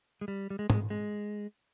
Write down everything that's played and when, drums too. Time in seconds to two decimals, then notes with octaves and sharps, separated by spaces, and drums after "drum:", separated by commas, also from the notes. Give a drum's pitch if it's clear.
0.21 G#3
0.28 G3
0.50 G3
0.59 G#3
0.70 G#3, drum: tom G#2
0.90 G#3